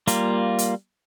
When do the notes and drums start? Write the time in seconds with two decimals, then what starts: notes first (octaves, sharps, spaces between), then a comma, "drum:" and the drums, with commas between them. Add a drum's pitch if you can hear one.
0.07 G3 A#3 F4, drum: hi-hat
0.59 drum: hi-hat